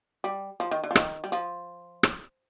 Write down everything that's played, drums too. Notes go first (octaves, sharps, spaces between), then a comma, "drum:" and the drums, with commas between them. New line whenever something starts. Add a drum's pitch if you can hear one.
G3
F3
D#3
D3
F3
D#3, drum: rim click
G3
F3
drum: rim click